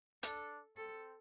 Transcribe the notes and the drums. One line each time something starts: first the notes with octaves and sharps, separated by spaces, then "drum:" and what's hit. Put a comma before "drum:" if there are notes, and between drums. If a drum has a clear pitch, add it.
D4 A4, drum: hi-hat
C4 A4